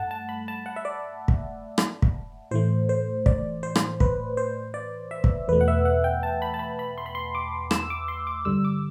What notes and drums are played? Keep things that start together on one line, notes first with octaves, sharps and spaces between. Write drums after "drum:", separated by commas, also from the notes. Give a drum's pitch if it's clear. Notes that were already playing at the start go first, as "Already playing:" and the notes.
Already playing: G2 A3 F#5 A5
A5
B5
A5
F#5
E5
D5
drum: kick
drum: rim click
drum: kick
A2 E3 A3 C5
C5
D5, drum: kick
C5
drum: rim click
B4, drum: kick
C5
D5
E5
drum: kick
E2 B2 A3 B4
F#5
E5
F#5
G5
A5
B5
A5
B5
B5
C6
B5
C6
D6
E6, drum: rim click
D6
C6
D6
G2 D3 G3 E6
D6